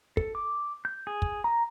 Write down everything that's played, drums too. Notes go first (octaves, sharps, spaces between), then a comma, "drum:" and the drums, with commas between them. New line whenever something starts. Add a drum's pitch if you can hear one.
A4, drum: kick
D6
G6
G#4
drum: kick
A#5